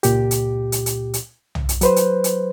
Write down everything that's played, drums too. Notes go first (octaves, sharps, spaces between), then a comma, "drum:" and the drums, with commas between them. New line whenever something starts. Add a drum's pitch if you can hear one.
C#2 A#2 G4, drum: hi-hat
drum: hi-hat
drum: hi-hat
drum: hi-hat
drum: hi-hat
drum: tom
drum: hi-hat
F#3 B4 C5, drum: hi-hat
drum: hi-hat
drum: hi-hat